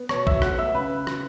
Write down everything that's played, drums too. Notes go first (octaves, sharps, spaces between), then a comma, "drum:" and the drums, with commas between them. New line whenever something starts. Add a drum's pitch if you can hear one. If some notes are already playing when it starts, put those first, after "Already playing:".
Already playing: B3
B2 C#5 C#6, drum: rim click
E5 E6, drum: kick A#1
F#3
F#5 F#6, drum: rim click
B3
E5 E6
C#3 B4 B5
drum: rim click